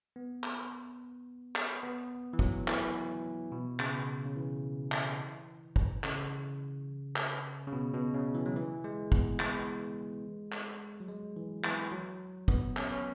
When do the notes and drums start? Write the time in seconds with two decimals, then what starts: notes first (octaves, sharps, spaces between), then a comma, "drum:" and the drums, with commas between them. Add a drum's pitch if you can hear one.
0.16 B3
0.43 drum: clap
1.56 drum: clap
1.83 B3
2.33 E3
2.39 F#3, drum: kick
2.68 E3, drum: clap
3.52 B2
3.80 C#3, drum: clap
4.26 C#3
4.36 E3
4.92 drum: clap
5.76 drum: kick
6.04 C#3, drum: clap
7.16 drum: clap
7.67 C#3
7.72 B2
7.93 B2
8.14 C#3
8.34 E3
8.46 F#3
8.56 E3
8.84 G#3
9.12 B3, drum: kick
9.40 G#3, drum: clap
10.52 drum: clap
11.00 F#3
11.08 G#3
11.36 E3
11.64 E3, drum: clap
11.92 F#3
12.48 B3, drum: kick
12.77 C#4, drum: clap
12.92 C#4